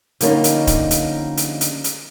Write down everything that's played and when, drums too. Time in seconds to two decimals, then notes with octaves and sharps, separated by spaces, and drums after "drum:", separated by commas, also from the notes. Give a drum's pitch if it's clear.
0.20 D3 F3 G3 A#3 C#4 D#4, drum: hi-hat
0.44 drum: hi-hat
0.67 drum: kick, hi-hat
0.91 drum: hi-hat
1.37 drum: hi-hat
1.61 drum: hi-hat
1.84 drum: hi-hat